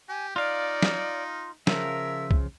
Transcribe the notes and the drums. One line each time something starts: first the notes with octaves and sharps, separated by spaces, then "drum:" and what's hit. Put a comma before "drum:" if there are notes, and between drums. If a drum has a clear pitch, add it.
G4 G#5
D#4 F4 D5 F5
drum: snare
C#3 F3 A#4 E5, drum: snare
drum: kick C2